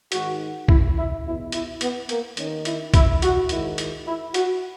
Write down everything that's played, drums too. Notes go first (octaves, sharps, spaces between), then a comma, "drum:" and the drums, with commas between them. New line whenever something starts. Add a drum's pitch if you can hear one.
G#2 D#3 F#4, drum: hi-hat
E4, drum: kick
E4
E2 B2 E4
E4, drum: hi-hat
B3, drum: hi-hat
A#3, drum: hi-hat
D#2 D#3 C#4, drum: hi-hat
E4, drum: hi-hat
E4, drum: kick, hi-hat
F#4, drum: hi-hat
G#2 D#3 E4, drum: hi-hat
drum: hi-hat
E4
F#4, drum: hi-hat